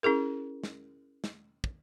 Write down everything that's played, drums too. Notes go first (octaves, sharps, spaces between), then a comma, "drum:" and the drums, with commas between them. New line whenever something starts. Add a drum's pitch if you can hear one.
C#4 E4 G#4 A#4
drum: snare
drum: snare
drum: kick